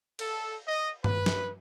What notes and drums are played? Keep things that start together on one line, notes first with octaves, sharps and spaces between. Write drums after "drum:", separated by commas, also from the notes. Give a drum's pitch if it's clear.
A4, drum: cymbal
D#5
B4, drum: tom G2
drum: snare